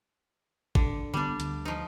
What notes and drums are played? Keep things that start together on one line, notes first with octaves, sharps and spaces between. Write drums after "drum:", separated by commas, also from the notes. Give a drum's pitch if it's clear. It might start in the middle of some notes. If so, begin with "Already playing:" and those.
D3, drum: kick G#1
D3 G3 B3 D4
D2, drum: hi-hat
F3 D#4